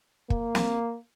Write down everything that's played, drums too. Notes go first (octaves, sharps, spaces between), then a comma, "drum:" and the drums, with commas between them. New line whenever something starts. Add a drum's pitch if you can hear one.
A#3, drum: kick
drum: snare